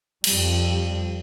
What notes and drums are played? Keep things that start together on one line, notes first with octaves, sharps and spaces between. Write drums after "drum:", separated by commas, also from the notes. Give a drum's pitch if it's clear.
F2 G3, drum: cymbal